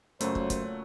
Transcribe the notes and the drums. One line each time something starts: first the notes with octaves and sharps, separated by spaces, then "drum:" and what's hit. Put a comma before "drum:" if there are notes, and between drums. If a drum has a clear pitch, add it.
F#2 A#2 C#3 F#3 A3 C5, drum: hi-hat
drum: kick
drum: kick, hi-hat